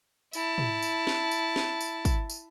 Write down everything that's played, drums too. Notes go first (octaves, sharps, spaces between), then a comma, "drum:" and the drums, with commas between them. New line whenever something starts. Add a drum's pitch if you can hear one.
E4 A5, drum: tambourine
drum: tom
drum: tambourine
drum: snare
drum: tambourine
drum: snare
drum: tambourine
drum: kick, tambourine
drum: tambourine